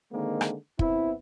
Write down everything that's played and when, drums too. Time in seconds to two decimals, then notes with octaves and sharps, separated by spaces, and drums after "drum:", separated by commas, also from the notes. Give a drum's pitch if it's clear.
0.12 D3 D#3 G#3 A#3 C4
0.41 drum: rim click
0.79 B3 C4 E4, drum: kick